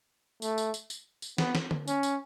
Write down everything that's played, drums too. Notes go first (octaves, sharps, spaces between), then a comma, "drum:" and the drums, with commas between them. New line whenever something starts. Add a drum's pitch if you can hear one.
A3, drum: tambourine
drum: tambourine
drum: tambourine
drum: tambourine
drum: tambourine
B3, drum: snare
drum: snare
drum: tom D3
C#4, drum: tambourine
drum: tambourine